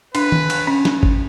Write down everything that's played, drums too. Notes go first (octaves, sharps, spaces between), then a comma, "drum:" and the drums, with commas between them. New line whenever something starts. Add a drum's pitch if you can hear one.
D4 B4, drum: cymbal
drum: tom D#3
drum: cymbal
C#4
drum: snare
drum: kick